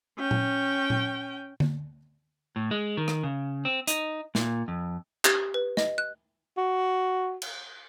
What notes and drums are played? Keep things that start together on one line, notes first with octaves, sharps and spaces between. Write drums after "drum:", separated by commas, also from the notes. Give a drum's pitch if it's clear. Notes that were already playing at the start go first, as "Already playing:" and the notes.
C#4 G5
drum: tom A#2
drum: tom A#2
drum: tom D3
A2
G#3
D#3
drum: rim click
C#3
C4
D#4, drum: hi-hat
A#2, drum: snare
F2
G4, drum: clap
B4
D#5, drum: snare
F#6
F#4
drum: cymbal